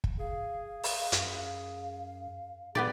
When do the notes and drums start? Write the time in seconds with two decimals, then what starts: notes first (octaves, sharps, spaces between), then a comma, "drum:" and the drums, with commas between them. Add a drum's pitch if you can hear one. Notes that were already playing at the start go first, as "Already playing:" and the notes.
0.04 drum: kick
0.19 G#4 F5
0.84 drum: open hi-hat
1.12 F#2, drum: hi-hat
1.44 F5
2.75 A#2 B3 G4 G#4 D5